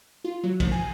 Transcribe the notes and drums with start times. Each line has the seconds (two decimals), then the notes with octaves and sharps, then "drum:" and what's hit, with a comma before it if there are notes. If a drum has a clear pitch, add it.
0.24 F4
0.44 F#3
0.60 F3, drum: kick, cymbal
0.72 G#5